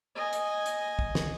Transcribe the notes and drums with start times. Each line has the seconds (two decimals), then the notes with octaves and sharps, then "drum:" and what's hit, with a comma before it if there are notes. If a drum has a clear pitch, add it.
0.16 D#5 G#5
0.33 drum: hi-hat
0.66 drum: hi-hat
0.99 drum: kick
1.15 drum: snare